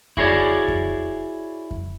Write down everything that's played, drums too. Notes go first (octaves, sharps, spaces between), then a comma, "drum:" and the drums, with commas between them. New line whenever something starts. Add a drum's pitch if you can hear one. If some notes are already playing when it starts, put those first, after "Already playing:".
E4 F#4 G#4 A#4 C#5 D5, drum: kick F2
drum: kick F2
drum: kick F2